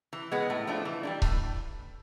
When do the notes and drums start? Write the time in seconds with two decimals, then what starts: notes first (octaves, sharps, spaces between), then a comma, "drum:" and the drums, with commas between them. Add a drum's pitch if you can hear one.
0.13 E3
0.32 G#3 B3
0.50 A2
0.67 F3 A3 D4
0.85 E3
1.03 G3 A#3 D4
1.22 A2, drum: kick C#1